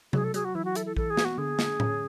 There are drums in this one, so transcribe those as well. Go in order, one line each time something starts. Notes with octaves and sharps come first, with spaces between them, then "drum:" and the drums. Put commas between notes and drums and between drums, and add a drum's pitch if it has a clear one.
F#3 G#4, drum: tom C3
A4
F#3 G#4, drum: hi-hat
F#4
E3 E4
F#4
E4 A4, drum: hi-hat
A4
E3 A4, drum: kick A#1
G#4
B3, drum: snare
F#4
D3 G#4
D3, drum: snare
C#4, drum: tom A2